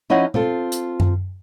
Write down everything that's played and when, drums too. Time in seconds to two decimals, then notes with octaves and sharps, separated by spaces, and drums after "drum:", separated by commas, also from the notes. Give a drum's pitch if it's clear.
0.10 F3 C#4 D#4 E4 D#5 F#5
0.34 C4 F4 A4, drum: tom
0.72 drum: hi-hat
1.00 drum: tom F#2